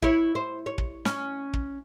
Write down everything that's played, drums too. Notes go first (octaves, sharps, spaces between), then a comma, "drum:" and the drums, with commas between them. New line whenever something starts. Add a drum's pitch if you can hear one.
E4 B4 C#5, drum: kick
C5
C#5
drum: kick
C#4, drum: snare
drum: kick